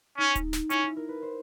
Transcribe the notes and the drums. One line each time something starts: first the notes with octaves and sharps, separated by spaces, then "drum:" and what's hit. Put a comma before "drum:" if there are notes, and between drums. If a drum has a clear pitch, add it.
C#4 D#4
drum: kick D1, hi-hat
drum: snare
C#4 E4, drum: hi-hat
E4
A#4
B4
C5